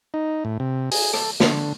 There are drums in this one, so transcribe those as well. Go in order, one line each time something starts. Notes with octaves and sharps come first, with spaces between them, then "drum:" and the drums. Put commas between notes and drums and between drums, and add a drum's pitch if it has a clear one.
D#4
A2
C3
G#4, drum: open hi-hat
A4, drum: rim click
D3, drum: snare